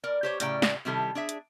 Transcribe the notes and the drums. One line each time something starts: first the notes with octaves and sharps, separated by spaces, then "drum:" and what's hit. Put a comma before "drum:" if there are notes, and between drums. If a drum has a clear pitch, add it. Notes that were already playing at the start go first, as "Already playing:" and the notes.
A#4 D5
G4 C5 C#5
A2 C#3 D5 G5 A#5, drum: hi-hat
drum: snare
C3 D#3 G3 E4 G4 A4
D4 G#4 E5
drum: hi-hat